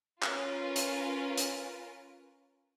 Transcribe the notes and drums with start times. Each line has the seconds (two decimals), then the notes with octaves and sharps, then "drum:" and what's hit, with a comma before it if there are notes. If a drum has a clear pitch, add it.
0.23 C#4 F4 A#4 B4, drum: clap
0.76 drum: hi-hat
1.37 drum: hi-hat